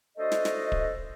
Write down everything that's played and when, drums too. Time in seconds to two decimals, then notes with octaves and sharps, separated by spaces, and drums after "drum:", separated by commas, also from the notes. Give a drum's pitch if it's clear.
0.18 A3 D4 F#4 A4 C5 D#5
0.32 drum: snare
0.45 drum: snare
0.72 drum: kick